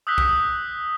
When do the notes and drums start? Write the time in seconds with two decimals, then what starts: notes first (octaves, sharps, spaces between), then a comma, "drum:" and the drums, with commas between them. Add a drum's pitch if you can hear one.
0.07 D#6 E6 F#6 G6 B6 G7
0.18 drum: kick B1